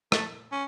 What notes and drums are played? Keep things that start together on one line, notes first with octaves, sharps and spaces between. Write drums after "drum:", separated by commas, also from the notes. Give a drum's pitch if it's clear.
A3, drum: rim click
C#4